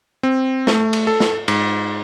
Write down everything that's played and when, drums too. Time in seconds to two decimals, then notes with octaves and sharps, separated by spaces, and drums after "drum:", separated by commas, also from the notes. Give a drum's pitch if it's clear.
0.23 C4
0.67 A3, drum: snare
0.93 drum: cymbal
1.07 A4
1.20 drum: snare
1.48 G#2, drum: cymbal